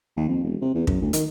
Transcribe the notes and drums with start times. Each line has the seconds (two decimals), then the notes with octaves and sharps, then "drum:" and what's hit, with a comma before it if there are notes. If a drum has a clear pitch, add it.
0.17 D#2
0.28 F2
0.44 E1
0.61 C3
0.74 E2
0.87 F#2, drum: kick
1.02 D2
1.13 D#3, drum: hi-hat